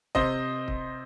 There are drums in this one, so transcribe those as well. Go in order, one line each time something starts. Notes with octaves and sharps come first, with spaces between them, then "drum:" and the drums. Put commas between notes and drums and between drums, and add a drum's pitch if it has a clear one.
C3 C5 D#5, drum: kick
drum: kick